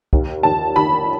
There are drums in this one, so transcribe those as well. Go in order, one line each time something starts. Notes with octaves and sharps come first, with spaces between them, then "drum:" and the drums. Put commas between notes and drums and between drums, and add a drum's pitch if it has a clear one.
D#2, drum: kick
D#2 A5
D#3 B5